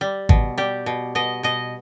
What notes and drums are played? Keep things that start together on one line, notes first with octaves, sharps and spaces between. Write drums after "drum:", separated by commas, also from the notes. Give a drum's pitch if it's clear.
G3
B2, drum: kick G#1
G3 G4
B2
B2 D#5
B2 D#5